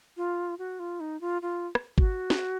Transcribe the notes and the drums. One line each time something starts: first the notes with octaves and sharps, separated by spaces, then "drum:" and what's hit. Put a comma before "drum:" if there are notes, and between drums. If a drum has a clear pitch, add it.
F4
F#4
F4
D#4
F4
F4
drum: rim click
F#4, drum: kick G#1
drum: snare